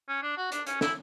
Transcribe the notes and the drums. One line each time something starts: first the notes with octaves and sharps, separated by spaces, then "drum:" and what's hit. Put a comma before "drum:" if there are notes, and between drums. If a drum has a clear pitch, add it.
C#4
D4
F#4
D4, drum: hi-hat
C#4, drum: hi-hat
E4, drum: snare